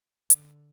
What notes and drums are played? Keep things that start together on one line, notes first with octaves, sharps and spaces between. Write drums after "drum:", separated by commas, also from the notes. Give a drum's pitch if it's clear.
D3, drum: hi-hat